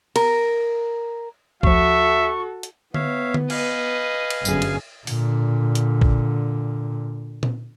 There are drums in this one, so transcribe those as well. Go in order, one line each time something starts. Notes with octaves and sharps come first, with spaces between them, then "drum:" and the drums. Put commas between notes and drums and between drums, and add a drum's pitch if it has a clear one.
A#4, drum: cymbal
D2 F3 F#4 A4 E5 C#6, drum: kick
drum: hi-hat
B3 C#5 E5 F5, drum: tom D3
drum: tom D3
B4 D#5 F5 G#5, drum: cymbal
drum: cymbal
G1 F#2 G#4, drum: tambourine
drum: cymbal
A#2 D3, drum: open hi-hat
drum: hi-hat
drum: kick
drum: tom A#2